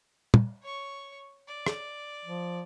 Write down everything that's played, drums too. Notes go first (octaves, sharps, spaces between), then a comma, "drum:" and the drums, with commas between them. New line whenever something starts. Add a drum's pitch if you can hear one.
drum: tom
C#5 C#6
D5
drum: rim click
F3